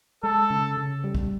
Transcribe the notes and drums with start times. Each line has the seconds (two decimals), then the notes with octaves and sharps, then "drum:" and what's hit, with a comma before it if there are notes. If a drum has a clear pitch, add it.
0.23 G#3 A4
0.50 C#3
0.77 C#3
1.04 G3
1.15 drum: kick